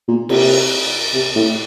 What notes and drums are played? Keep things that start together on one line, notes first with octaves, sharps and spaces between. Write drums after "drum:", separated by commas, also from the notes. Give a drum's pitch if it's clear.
A#2
C3, drum: cymbal
C3
A2